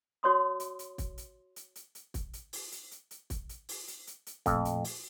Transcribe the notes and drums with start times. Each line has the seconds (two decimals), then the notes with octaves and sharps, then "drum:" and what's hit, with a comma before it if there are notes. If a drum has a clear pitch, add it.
0.23 F#4 C#5 D5 C6 D#6
0.60 drum: hi-hat
0.79 drum: hi-hat
0.98 drum: kick, hi-hat
1.18 drum: hi-hat
1.56 drum: hi-hat
1.76 drum: hi-hat
1.95 drum: hi-hat
2.14 drum: kick, hi-hat
2.33 drum: hi-hat
2.53 drum: open hi-hat
2.72 drum: hi-hat
2.91 drum: hi-hat
3.11 drum: hi-hat
3.30 drum: kick, hi-hat
3.49 drum: hi-hat
3.69 drum: open hi-hat
3.88 drum: hi-hat
4.07 drum: hi-hat
4.27 drum: hi-hat
4.46 F2 A#2 F3 A3, drum: kick, hi-hat
4.65 drum: hi-hat
4.84 drum: open hi-hat